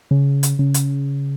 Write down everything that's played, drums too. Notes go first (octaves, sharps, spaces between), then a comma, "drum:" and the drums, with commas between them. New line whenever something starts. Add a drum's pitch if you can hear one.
C#3
drum: hi-hat
C#3
drum: hi-hat